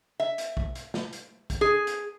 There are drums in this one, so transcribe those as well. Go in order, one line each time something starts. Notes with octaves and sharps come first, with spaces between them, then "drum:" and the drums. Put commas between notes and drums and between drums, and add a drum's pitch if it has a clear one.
E5
drum: hi-hat
drum: kick
drum: hi-hat
drum: snare
drum: hi-hat
drum: kick, hi-hat
G#4
drum: hi-hat